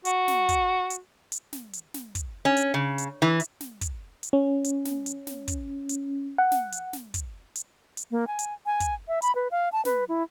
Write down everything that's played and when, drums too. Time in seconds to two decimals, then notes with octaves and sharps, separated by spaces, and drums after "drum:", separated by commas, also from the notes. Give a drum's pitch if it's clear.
0.05 F#4, drum: hi-hat
0.28 drum: snare
0.49 drum: kick, hi-hat
0.90 drum: hi-hat
1.32 drum: hi-hat
1.53 drum: snare
1.73 drum: hi-hat
1.94 drum: snare
2.15 drum: kick, hi-hat
2.45 C#4
2.57 drum: hi-hat
2.74 C#3
2.98 drum: hi-hat
3.22 E3
3.40 drum: hi-hat
3.60 drum: snare
3.81 drum: kick, hi-hat
4.23 drum: hi-hat
4.33 C#4
4.64 drum: hi-hat
4.85 drum: snare
5.06 drum: hi-hat
5.27 drum: snare
5.48 drum: kick, hi-hat
5.89 drum: hi-hat
6.38 F#5
6.52 drum: snare
6.72 drum: hi-hat
6.93 drum: snare
7.14 drum: kick, hi-hat
7.55 drum: hi-hat
7.97 drum: hi-hat
8.11 A#3
8.27 G#5
8.39 drum: hi-hat
8.66 G#5
8.80 drum: kick, hi-hat
9.08 E5
9.22 B5, drum: hi-hat
9.35 B4
9.51 F5
9.72 A5
9.85 B4, drum: snare
10.09 E4